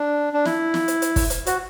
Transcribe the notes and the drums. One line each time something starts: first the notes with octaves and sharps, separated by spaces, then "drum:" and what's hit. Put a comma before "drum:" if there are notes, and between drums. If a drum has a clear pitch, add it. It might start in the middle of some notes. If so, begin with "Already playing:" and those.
Already playing: D4
D4
E4, drum: snare
drum: snare
drum: hi-hat
drum: hi-hat
drum: kick, open hi-hat
drum: hi-hat
F#4, drum: hi-hat